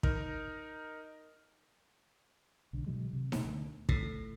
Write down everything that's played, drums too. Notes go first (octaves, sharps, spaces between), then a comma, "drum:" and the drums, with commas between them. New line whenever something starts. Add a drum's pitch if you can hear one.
D#4 A#4, drum: kick
B1 D3
B2 D#3 F#3 G#3
C3
B2 B3, drum: snare D#4
D2
A2, drum: kick